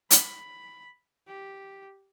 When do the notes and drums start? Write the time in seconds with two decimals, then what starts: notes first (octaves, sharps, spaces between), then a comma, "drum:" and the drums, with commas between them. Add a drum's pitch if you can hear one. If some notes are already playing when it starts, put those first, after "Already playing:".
0.11 B5, drum: hi-hat
1.27 G4